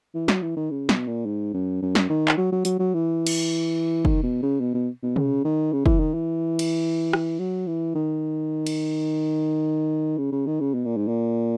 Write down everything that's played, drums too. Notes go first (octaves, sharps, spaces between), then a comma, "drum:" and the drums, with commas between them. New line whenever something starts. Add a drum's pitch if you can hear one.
E3
F#3, drum: snare
E3
D#3
C#3
B2, drum: snare
A#2
G#2
F#2
F#2
drum: snare
D#3
drum: clap
F#3
F#3
F#3, drum: hi-hat
F#3
E3
drum: cymbal
D#3, drum: kick
B2
C#3
B2
B2
B2
C#3, drum: tom
D#3
C#3
E3, drum: kick
D#3
E3
drum: cymbal
drum: rim click
F#3
E3
D#3
drum: cymbal
C#3
C#3
D#3
C#3
B2
A#2
G#2
A#2